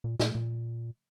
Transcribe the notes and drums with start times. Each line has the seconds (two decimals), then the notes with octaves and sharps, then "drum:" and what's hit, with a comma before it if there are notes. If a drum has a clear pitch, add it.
0.04 A#2
0.20 A#2, drum: snare
0.35 A#2